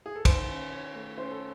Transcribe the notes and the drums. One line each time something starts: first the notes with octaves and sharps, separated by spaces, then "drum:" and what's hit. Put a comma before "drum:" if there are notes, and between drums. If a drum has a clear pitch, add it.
G#4
A4
D#3 C5, drum: kick, cymbal
C#4
D#3 C#5
A3
C#4 C5
A4